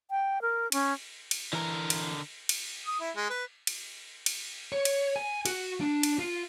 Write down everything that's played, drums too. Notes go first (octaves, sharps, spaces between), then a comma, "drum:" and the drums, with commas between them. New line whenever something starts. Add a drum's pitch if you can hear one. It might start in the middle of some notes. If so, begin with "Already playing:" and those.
G5
A#4
C#4, drum: cymbal
drum: cymbal
D3 E3 A#4 A#5
drum: cymbal
drum: cymbal
D#6
E4
G#3
B4
drum: cymbal
drum: cymbal
C#5
drum: cymbal
G#5
F#4, drum: cymbal
D4
drum: cymbal
F4